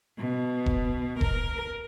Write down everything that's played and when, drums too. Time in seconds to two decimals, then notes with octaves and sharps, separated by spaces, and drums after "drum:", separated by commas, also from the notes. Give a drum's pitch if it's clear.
0.18 B2
0.66 drum: kick E1
1.21 A#4, drum: kick E1